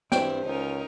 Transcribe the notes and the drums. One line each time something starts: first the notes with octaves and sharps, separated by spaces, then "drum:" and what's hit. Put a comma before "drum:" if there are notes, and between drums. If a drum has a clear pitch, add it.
G2 G3 C4 E4 C5 G5, drum: snare
C#2 C#4 D#4 A#4